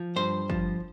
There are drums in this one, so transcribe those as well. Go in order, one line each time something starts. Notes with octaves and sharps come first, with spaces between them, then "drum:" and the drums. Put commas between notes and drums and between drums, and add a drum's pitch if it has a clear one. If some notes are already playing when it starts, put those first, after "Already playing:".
Already playing: F3
G2 C5
F3, drum: kick